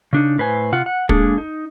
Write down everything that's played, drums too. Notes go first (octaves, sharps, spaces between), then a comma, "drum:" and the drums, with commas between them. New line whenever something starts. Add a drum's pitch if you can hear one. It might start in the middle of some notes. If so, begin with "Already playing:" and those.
C#3 D4 D#4
A2 B4 C5 G#5
C3 F4 F#5
F#5
G#3 A#3 D4 G#4 A4, drum: kick
D#4